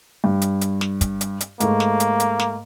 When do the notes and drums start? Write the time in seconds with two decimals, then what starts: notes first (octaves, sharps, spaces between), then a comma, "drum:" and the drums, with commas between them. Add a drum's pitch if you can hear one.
0.24 G2
0.42 drum: hi-hat
0.61 drum: hi-hat
0.81 drum: snare
1.01 drum: kick, hi-hat
1.21 drum: hi-hat
1.41 drum: hi-hat
1.60 G#2 A3 A#3, drum: hi-hat
1.80 drum: snare
2.00 drum: hi-hat
2.20 drum: hi-hat
2.40 drum: snare